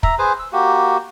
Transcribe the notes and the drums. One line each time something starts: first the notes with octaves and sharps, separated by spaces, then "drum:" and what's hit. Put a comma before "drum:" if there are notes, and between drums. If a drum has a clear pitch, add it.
E5 A#5, drum: kick
G#4 B4 C5 G#5
E6
A#3 F#4 G4